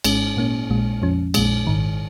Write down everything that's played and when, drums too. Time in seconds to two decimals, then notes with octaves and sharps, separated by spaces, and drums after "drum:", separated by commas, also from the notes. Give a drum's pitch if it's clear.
0.04 G#1 G#2 G#3 C#4, drum: cymbal
0.37 A#2 A#3 C#4
0.70 A#1 A#2 G#3
1.02 F2 F3 C#4
1.34 A#1 A#2 G#3, drum: cymbal
1.67 G#1 G#2 D#3